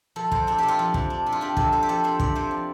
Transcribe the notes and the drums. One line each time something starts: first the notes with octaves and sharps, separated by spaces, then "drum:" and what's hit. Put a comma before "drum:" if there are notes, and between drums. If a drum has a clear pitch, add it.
F3 A4
F2 C5, drum: kick
D4 A4
C3 G4
F4
F3
F2, drum: kick
D4
C3
F4
D4 G4
C3 A4, drum: kick
C3 C5
G4
F3 A4
D4 C5
C3 D5, drum: kick
C3 C5
F3